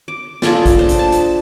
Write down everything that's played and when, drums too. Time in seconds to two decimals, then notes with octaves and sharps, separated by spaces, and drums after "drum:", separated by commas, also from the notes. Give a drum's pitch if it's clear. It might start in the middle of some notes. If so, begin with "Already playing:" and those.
0.08 D6
0.42 F4 G#4 A4 D5, drum: snare
0.65 drum: kick, hi-hat
0.79 D4 C5
0.89 drum: hi-hat
0.99 A5
1.12 drum: hi-hat